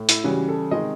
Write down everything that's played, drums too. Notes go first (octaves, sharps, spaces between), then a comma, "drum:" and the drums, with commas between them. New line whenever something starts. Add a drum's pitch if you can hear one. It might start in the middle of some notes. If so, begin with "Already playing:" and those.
Already playing: A2
E4, drum: hi-hat
C#3 E3 G3 F#4
A4
C3 D#3 G#3 D#5